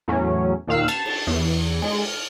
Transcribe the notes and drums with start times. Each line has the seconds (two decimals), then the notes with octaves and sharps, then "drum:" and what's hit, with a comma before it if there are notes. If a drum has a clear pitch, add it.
0.08 E2 A2 F#3 C#4
0.67 D#2 A#2 D#3 F5 E6 F#6
0.88 A5, drum: cymbal
1.05 drum: cymbal
1.27 E2
1.82 G#3, drum: cymbal
2.08 F6